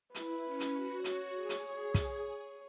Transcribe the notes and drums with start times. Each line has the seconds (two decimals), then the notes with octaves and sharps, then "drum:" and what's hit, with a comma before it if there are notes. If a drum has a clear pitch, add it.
0.15 E4 B4, drum: hi-hat
0.45 C#4
0.60 drum: hi-hat
0.75 F#4
1.04 F#4 C#5, drum: hi-hat
1.34 G#4
1.49 drum: hi-hat
1.64 G#4
1.94 G#4, drum: kick, hi-hat